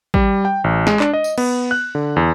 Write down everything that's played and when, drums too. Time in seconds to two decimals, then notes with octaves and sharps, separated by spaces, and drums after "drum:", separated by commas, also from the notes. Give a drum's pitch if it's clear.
0.14 G3, drum: kick
0.45 G5
0.64 A1
0.87 G#3, drum: snare
1.00 D4, drum: clap
1.13 D#5
1.24 drum: tambourine
1.38 B3, drum: cymbal
1.71 F#6
1.95 D3
2.16 E2